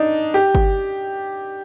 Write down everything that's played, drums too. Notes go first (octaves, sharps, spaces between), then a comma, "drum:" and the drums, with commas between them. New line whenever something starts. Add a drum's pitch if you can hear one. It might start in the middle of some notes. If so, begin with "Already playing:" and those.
Already playing: D4 D#4
G4
drum: kick G1